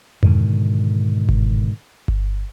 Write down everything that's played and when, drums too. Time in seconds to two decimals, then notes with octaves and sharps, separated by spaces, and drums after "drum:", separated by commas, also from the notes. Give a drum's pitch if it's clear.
0.23 G#2 B2 D3 D#3, drum: tom F2
1.29 drum: kick G1
2.08 drum: kick G1